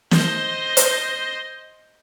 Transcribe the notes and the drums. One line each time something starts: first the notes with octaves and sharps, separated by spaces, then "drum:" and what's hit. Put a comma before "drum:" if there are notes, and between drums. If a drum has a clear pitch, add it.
C5 D#5, drum: snare
drum: hi-hat